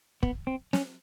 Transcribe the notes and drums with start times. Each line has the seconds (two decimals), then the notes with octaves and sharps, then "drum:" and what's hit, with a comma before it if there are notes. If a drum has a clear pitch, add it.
0.23 B3, drum: kick
0.47 C4
0.73 C#4, drum: snare